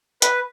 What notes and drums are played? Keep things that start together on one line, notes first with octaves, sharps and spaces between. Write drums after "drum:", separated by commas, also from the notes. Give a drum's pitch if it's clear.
B4, drum: hi-hat